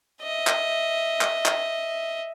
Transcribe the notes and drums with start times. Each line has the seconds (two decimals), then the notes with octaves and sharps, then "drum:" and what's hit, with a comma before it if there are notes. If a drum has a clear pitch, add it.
0.22 D#5 E5
0.47 drum: clap
1.21 drum: clap
1.46 drum: clap